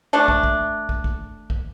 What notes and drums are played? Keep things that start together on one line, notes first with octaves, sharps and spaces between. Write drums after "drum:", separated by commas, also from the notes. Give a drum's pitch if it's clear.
A3 D4
drum: kick
drum: kick
drum: kick
drum: kick
drum: kick